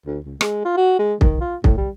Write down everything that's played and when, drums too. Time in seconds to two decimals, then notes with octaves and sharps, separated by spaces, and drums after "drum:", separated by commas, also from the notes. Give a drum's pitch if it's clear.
0.06 D2
0.25 C#2
0.41 G#3, drum: rim click
0.65 F4
0.77 F#4
0.99 G#3
1.21 D#3, drum: kick
1.41 F4
1.64 A2, drum: kick
1.77 G3